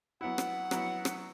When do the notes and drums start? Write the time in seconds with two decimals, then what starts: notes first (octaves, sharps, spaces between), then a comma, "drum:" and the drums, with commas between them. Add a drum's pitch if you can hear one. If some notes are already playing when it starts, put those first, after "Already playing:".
0.21 F#3 B3 E4 F#5
0.38 drum: rim click
0.71 F#3 B3 E4, drum: rim click
1.05 drum: rim click